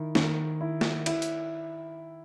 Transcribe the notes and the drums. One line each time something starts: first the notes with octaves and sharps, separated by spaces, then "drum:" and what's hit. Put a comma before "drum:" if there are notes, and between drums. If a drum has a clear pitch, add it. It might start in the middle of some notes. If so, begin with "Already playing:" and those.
Already playing: D#3 E4
D#3, drum: snare
E4
drum: snare
E4, drum: cymbal
drum: hi-hat